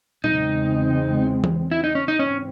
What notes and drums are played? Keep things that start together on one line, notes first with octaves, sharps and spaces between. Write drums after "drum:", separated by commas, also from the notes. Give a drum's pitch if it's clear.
E2 C#3 G#3 C4 D#4, drum: tom
drum: tom E3
E4
D#4
C#4
D#4
G#2 E3 C4 C#4